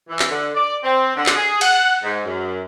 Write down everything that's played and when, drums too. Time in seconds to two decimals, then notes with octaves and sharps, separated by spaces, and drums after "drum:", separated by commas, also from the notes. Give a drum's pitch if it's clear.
0.09 E3
0.19 drum: clap
0.30 D3
0.55 D5
0.84 C4
1.16 D3
1.26 drum: clap
1.36 G#4
1.61 F#5, drum: cymbal
2.03 G#2
2.26 F#2